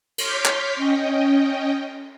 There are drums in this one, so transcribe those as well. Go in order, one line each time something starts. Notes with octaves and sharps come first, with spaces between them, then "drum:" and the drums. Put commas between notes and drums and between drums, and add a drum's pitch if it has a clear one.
C#5 C6 D6 F6 G6 B6, drum: cymbal
drum: clap
C#4 D#5 G5